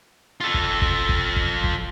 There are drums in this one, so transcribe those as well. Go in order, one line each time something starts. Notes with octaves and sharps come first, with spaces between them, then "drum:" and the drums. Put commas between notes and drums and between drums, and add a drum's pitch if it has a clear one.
F4 A4
drum: kick
drum: kick
drum: kick
drum: kick
drum: kick